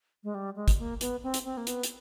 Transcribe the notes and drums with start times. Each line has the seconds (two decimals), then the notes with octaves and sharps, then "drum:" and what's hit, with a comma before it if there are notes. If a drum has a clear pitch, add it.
0.24 G#3
0.35 G3
0.56 G#3
0.68 drum: kick, hi-hat
0.79 A#3
1.01 B3, drum: hi-hat
1.23 C4
1.34 drum: hi-hat
1.45 C4
1.57 A#3
1.67 B3, drum: hi-hat
1.83 drum: hi-hat